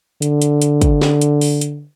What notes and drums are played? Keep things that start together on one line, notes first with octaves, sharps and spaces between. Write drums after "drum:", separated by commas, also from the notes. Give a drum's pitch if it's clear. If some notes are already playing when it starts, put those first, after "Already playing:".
D3, drum: hi-hat
drum: hi-hat
drum: hi-hat
drum: kick, hi-hat
drum: snare
drum: hi-hat
drum: open hi-hat
drum: hi-hat